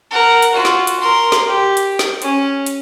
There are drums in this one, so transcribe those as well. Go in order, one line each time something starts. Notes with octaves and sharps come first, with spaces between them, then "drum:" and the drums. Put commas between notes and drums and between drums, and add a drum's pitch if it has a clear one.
A#4 F#5
drum: hi-hat
F4 F#4
drum: snare
drum: hi-hat
A#4 C6
drum: snare
G4
drum: hi-hat
drum: snare
C#4, drum: hi-hat
drum: hi-hat